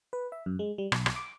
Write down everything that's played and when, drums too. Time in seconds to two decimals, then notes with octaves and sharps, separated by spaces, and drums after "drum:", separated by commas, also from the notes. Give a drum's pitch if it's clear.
0.13 B4
0.32 E5
0.46 F#2
0.59 G#3
0.78 G3
0.92 B1, drum: rim click
1.06 drum: rim click
1.16 D6